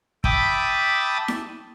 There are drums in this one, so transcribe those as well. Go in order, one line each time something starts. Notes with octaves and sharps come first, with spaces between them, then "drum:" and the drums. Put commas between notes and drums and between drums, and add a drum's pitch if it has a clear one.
E5 G5 A5 B5 D6 D#6, drum: kick
drum: snare E4